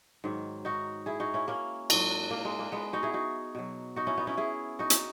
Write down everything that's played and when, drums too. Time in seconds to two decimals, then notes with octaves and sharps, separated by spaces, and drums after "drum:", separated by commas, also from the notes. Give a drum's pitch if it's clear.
0.24 G#2 D#3 F#3
0.65 D#4 F#4
1.06 E4 G#4
1.20 D#4 F#4
1.34 C#4 E4
1.48 A#3 C#4
1.90 G#2 F#3, drum: cymbal
2.31 A#3
2.45 G#3
2.59 A#3
2.72 G#3 B3
2.93 D#4 F#4
3.03 E4 G#4
3.14 D#4 F#4
3.55 B2 F#3
3.96 D#4 F#4
4.07 C#4 E4
4.17 B3 D#4
4.27 C#4 E4
4.37 E4 G#4
4.79 D#4 F#4
4.90 drum: hi-hat